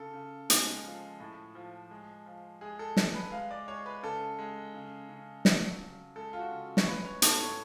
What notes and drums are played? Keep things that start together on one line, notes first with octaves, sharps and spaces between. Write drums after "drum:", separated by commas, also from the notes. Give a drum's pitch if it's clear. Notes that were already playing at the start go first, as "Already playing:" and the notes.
Already playing: C#3 A4
C#3
G#3, drum: hi-hat
F3
A2
F3
G#3
F3
G#3 G#4
A4
G#3 A4, drum: snare
B4
G#3 F5
D5
G#3 C#5
B4
C#3 A4
G#3
C#3
C#3
F#3, drum: snare
C#3
G#3 A4
F4
F#4
C#3
C#5, drum: snare
G#3 B4
C#5
A2 A4, drum: hi-hat
C#5